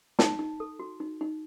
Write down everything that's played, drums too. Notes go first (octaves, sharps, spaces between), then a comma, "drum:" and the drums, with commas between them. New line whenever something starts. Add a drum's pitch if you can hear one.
D#4 A5, drum: snare
D#4
A4
F#4
D#4
D#4